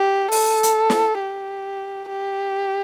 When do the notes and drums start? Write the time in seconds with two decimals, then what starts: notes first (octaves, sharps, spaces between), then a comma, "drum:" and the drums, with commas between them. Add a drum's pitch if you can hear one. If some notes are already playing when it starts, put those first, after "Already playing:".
Already playing: G4
0.32 A4, drum: open hi-hat
0.63 drum: hi-hat
0.90 drum: snare
1.20 G4
2.09 G4